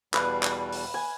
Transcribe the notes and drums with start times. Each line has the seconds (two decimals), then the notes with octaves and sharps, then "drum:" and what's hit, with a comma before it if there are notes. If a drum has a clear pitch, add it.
0.14 E2 B2 G3 B4 F5, drum: clap
0.43 drum: clap
0.72 drum: open hi-hat
0.94 G#5